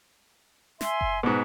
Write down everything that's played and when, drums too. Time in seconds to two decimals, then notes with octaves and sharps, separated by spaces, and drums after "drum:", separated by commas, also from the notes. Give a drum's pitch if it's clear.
0.81 E5 G#5 C6, drum: snare
1.01 drum: kick F#1
1.23 G#2 B2 B4